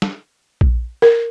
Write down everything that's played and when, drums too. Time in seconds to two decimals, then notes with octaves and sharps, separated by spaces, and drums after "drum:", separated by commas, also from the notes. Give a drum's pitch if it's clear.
0.02 drum: snare
0.61 drum: kick A#1
1.02 A#4